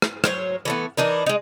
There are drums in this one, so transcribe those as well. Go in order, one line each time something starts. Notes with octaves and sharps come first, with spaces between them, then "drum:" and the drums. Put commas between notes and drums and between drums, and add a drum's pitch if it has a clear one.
drum: rim click
F#3 C5 C#5, drum: rim click
E3 A3 B3
E3 D4 D#4 A#4
G#3 D#4